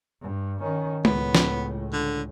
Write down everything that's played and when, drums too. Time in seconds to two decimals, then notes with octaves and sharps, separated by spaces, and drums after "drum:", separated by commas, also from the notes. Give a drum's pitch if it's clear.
0.22 G2
0.59 D#3 C#4
1.05 C#2 A2 B3, drum: tom
1.35 drum: snare
1.93 D3